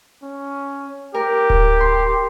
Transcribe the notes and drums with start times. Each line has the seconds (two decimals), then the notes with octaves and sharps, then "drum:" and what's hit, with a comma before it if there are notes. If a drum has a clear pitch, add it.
0.22 C#4
1.14 G4 A#4
1.50 drum: kick D1
1.80 C6